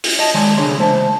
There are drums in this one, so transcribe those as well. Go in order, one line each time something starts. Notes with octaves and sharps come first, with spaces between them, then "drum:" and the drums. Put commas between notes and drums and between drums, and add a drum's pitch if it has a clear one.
drum: open hi-hat
D#5 A5
D#3 G#3 C#5 D5 G#5 C6
C2 D3 D4 G#4 C#5 C6
C#2 E3 A3 C5 A5